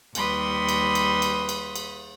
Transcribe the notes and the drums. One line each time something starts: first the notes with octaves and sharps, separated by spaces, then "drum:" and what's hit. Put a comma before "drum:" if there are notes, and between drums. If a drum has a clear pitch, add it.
D#2 G3 B4 B5 C6 D#6, drum: cymbal
drum: cymbal
drum: cymbal
drum: cymbal
drum: cymbal
drum: cymbal